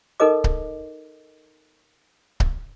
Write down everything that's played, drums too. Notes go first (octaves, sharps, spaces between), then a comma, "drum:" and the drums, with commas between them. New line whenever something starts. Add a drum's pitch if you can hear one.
D#4 A4 A#4 D#5 D6
drum: kick C#1
drum: kick C#1